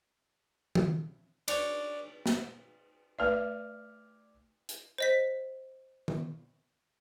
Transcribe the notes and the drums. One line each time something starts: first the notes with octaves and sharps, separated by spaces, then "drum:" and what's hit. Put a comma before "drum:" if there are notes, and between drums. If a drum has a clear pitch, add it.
drum: tom D#3
D4 C#5, drum: cymbal
drum: snare
A3 B4 D5 E5 F6
drum: hi-hat
C5 D#5 B6
drum: tom D#3